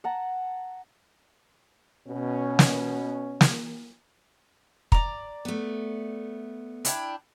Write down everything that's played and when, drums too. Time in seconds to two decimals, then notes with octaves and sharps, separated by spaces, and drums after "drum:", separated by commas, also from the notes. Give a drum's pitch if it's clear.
0.04 F#5 A5 A#5
2.08 B2 C#4
2.59 drum: snare
3.41 drum: snare
4.92 D5 A#5, drum: kick
5.45 A3 B3
6.85 D4 E4 G5, drum: hi-hat